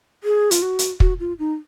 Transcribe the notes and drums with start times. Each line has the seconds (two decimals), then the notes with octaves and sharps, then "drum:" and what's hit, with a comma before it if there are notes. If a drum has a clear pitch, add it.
0.24 G#4
0.51 F4, drum: hi-hat
0.62 F#4
0.79 drum: hi-hat
1.00 F#4, drum: kick
1.20 F4
1.39 D#4